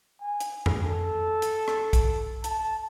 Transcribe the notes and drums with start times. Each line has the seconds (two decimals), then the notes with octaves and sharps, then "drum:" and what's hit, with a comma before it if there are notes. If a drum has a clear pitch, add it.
0.22 G#5
0.40 drum: hi-hat
0.66 drum: tom F2
0.83 A4
1.42 drum: hi-hat
1.68 drum: rim click
1.93 drum: kick, hi-hat
2.44 A5, drum: hi-hat